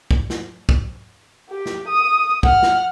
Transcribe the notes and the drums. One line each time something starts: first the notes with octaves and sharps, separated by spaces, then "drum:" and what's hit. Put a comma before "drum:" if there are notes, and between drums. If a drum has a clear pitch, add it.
drum: kick
drum: snare
drum: kick
G4
drum: snare
D#6
F#5 F6, drum: kick
drum: snare